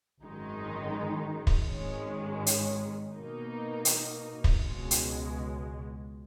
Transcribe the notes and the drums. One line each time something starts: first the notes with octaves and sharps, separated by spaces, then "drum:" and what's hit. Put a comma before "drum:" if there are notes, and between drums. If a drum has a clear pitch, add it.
G#1 F#2 D#3 G#3 D#4
drum: kick
G#1 G#2 D#3 G#3 C#4
drum: hi-hat
B2 A#3 D#4
drum: hi-hat
drum: kick
C#2 B2 G#3
drum: hi-hat